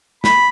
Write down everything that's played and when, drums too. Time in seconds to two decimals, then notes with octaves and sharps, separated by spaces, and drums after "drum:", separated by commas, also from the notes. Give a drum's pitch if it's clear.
0.24 B5, drum: snare